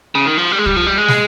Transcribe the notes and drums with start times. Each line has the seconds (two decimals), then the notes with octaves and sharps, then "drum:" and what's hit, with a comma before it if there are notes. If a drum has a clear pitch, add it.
0.15 C#3
0.26 D#3
0.38 F3
0.52 G3
0.58 G#3
0.66 G3, drum: kick
0.76 F3
0.87 G3
0.98 G#3
1.08 drum: snare